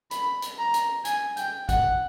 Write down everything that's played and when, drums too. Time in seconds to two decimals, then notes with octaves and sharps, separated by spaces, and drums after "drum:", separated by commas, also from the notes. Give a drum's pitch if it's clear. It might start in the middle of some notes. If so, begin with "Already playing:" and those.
0.11 B5, drum: hi-hat
0.42 drum: hi-hat
0.58 A#5
0.74 drum: hi-hat
1.05 G#5, drum: hi-hat
1.37 G5, drum: hi-hat
1.69 F#5, drum: kick, hi-hat